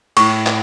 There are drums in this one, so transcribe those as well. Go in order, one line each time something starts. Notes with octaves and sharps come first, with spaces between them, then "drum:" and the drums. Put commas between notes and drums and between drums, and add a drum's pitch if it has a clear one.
A2 C#6, drum: cymbal
drum: clap